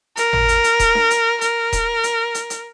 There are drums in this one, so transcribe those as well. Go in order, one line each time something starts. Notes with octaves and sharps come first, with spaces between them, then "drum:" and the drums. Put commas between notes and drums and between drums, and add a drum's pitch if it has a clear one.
A#4, drum: hi-hat
drum: tom G#1
drum: hi-hat
drum: hi-hat
drum: kick D#1, hi-hat
drum: snare D4
drum: hi-hat
A#4, drum: hi-hat
drum: kick D#1, hi-hat
drum: hi-hat
drum: hi-hat
drum: hi-hat